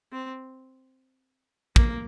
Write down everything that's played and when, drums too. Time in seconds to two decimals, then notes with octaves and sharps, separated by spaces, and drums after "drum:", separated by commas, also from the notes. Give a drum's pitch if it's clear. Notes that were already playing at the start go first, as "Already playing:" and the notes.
0.12 C4
1.76 A#3, drum: kick